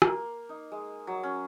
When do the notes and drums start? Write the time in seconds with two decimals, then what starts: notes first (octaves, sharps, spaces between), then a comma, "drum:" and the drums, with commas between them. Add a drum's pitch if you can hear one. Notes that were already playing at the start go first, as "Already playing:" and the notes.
0.02 A#3, drum: rim click
0.49 D#4
0.72 G#3
1.07 F#3
1.23 C#4